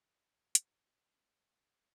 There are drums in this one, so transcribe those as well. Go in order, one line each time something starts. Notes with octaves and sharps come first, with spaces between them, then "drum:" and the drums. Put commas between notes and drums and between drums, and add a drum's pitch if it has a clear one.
G3 C4 E4
A#4
B3 D4 F#4 A4, drum: hi-hat
F#3 A3 C#4
A3 C#4 F4 A4
A#4
G4
D#4 F#4 G#4